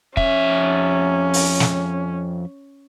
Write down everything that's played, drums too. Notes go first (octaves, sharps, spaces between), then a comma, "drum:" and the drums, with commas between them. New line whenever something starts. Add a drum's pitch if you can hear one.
F2 C#4 E5, drum: kick
drum: open hi-hat
drum: snare